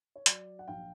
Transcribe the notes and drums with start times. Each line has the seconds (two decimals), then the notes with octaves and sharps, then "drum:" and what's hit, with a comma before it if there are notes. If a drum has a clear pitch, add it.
0.15 C#5
0.26 F#3 D5, drum: hi-hat
0.59 F#5
0.68 A#1 F5 G5